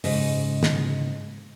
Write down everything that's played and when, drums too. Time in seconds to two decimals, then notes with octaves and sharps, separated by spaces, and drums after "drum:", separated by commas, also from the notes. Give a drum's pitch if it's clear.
0.04 G#2 C#3 D#5, drum: open hi-hat
0.63 drum: snare